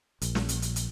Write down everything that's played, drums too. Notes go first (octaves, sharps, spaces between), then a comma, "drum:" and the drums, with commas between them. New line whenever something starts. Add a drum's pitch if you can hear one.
A#1, drum: hi-hat
drum: snare
drum: hi-hat
drum: hi-hat
drum: hi-hat